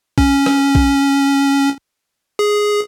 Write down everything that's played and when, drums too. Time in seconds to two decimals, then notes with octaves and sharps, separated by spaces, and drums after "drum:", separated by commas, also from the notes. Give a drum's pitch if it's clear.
0.18 C#4, drum: kick
0.46 drum: rim click
0.75 drum: kick
2.39 G#4